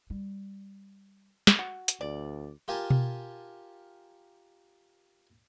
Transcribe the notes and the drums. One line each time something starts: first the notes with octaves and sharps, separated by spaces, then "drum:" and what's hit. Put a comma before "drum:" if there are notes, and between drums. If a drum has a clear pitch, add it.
G3
drum: snare
F#4
drum: hi-hat
D2 D5
F4 G4 A#4 G#5 A5
drum: tom B2